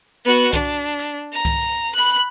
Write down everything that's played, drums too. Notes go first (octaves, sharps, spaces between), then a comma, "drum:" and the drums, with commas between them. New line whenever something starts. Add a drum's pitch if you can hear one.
B3 F#4
D4, drum: kick C2, hi-hat
drum: hi-hat
A#5
drum: kick C2, hi-hat
B5 F#6